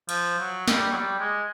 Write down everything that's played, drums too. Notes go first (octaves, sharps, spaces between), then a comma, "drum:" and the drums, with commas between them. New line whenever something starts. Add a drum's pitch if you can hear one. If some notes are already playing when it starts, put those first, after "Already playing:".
F3, drum: cymbal
F#3
G3, drum: snare
F#3
G3
G#3